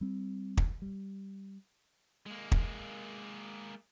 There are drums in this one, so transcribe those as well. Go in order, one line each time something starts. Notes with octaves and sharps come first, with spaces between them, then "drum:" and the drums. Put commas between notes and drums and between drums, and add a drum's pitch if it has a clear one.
G3 C4
drum: kick
G3
G#3 A#3
drum: kick